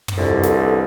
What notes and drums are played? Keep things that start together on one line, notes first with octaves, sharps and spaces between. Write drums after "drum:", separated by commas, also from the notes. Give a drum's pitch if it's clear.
drum: tom
C2 F2 D3 E3
drum: snare